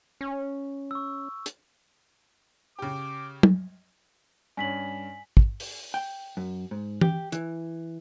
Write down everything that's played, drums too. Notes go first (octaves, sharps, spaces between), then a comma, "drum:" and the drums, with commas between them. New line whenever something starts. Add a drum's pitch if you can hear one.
C#4
C#6 E6
drum: hi-hat
C#3 G4 D6
drum: tom
G2 C#4 G#5 B6 F#7
drum: kick
drum: open hi-hat
G5
F#2
G#2
G4, drum: tom E3
E3, drum: hi-hat